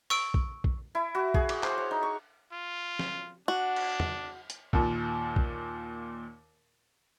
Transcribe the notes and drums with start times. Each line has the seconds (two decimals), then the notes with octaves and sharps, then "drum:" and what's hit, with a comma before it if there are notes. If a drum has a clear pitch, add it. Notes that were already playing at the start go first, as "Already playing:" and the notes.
0.10 C#6 E6 D7, drum: open hi-hat
0.34 drum: kick
0.64 drum: kick
0.95 E4
1.15 F#4
1.34 G#4, drum: kick
1.49 D6, drum: cymbal
1.63 C5, drum: clap
1.78 C#5
1.91 D#4
2.03 C#6
2.52 F4
2.99 drum: snare
3.48 D4 F#4
3.76 drum: cymbal
4.00 drum: tom
4.50 drum: hi-hat
4.73 D#2 A#2, drum: kick
5.36 drum: kick